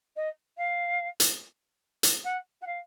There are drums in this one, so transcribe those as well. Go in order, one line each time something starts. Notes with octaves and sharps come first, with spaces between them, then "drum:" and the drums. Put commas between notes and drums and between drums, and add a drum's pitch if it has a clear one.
D#5
F5
drum: hi-hat
drum: hi-hat
F#5
F#5
F5